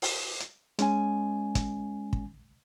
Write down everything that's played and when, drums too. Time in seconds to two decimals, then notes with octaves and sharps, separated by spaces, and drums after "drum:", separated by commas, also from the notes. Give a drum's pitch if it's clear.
0.02 drum: open hi-hat
0.40 drum: hi-hat
0.79 G#3 C#4 G#5, drum: hi-hat
1.55 drum: kick, hi-hat
2.13 drum: kick